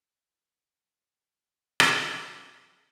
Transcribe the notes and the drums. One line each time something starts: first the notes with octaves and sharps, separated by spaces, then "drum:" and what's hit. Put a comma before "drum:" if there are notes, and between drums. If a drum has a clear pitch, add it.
E4 G#4 B4 C5 D#5
drum: rim click